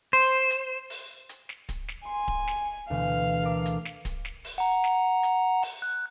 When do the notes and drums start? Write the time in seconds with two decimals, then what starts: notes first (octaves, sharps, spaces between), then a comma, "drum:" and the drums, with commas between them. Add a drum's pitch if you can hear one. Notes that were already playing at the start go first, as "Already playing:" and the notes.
0.13 C5
0.51 drum: hi-hat
0.90 drum: open hi-hat
1.29 drum: hi-hat
1.49 drum: snare
1.69 drum: kick D1, hi-hat
1.88 drum: snare
2.05 G#5 C6
2.28 drum: kick D1
2.47 drum: snare
2.90 D2 B2 E3 F5
3.43 A4 A#4 D6
3.66 drum: hi-hat
3.85 drum: snare
4.05 drum: kick D1, hi-hat
4.25 drum: snare
4.44 drum: open hi-hat
4.58 F#5 A#5
4.84 drum: snare
5.23 drum: hi-hat
5.63 drum: open hi-hat
5.82 F#6